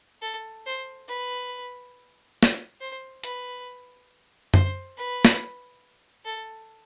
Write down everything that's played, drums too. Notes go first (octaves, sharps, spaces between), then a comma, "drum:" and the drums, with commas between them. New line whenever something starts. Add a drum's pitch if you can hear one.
A4
C5
B4
drum: snare
C5
B4, drum: hi-hat
C5, drum: tom F#2
B4
drum: snare
A4